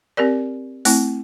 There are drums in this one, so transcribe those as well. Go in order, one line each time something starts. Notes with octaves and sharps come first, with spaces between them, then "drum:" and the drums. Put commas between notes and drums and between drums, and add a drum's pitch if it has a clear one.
C4 G4 A#4 D5
A3 C4 E4, drum: open hi-hat